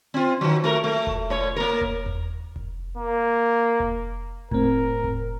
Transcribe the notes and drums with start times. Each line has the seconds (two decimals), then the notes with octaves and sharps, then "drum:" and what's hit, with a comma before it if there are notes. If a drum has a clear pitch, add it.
0.14 C4 F4
0.41 D#3 F#3
0.64 A3 F#4 A#4
0.84 A3
1.07 drum: kick F1
1.30 A2 C#5
1.56 A#3 A#4
1.81 drum: kick F1
2.06 drum: tom E2
2.56 drum: kick F1
2.98 A#3
3.80 drum: kick F1
4.51 A2 C4 A#4, drum: kick F1
5.04 drum: kick F1